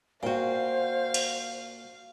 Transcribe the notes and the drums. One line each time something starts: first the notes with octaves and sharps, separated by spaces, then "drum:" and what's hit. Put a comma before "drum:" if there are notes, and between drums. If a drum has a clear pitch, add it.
A#2 F#4 C5 F5 G5
drum: cymbal